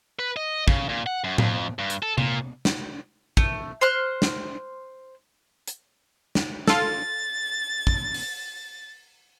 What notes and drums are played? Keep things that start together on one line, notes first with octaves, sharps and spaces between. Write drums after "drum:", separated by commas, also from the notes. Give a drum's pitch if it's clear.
B4
D#5
C#3, drum: kick
A#2
F#5
F#2
F2, drum: tom A2
G2
drum: hi-hat
A4
A#2, drum: tom C3
drum: snare
A3, drum: kick
C5 C6 F6 F#6
drum: snare
drum: hi-hat
drum: snare
F4 A4 A6, drum: snare
drum: kick
drum: open hi-hat